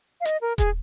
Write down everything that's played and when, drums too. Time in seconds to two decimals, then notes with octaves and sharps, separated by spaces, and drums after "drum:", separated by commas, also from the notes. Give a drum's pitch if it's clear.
0.21 F5
0.25 D#5, drum: hi-hat
0.42 A#4
0.58 G#4, drum: kick D#1, hi-hat